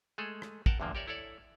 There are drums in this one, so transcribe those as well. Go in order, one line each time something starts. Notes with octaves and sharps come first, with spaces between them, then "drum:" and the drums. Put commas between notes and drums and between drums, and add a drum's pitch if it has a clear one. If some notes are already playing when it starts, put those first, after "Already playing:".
G#3 A3 G#4 A4
drum: rim click
A#4 F#5 G5 A5, drum: kick
E2 G2 D3 F3 A#3
G4 A#4 C#5 D5 E5
E4 A4 C#5 D5